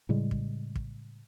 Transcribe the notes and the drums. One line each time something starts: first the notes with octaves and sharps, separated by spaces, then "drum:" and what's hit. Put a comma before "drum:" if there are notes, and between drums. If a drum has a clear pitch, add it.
A2 C#3 G3 G#3
drum: kick
drum: kick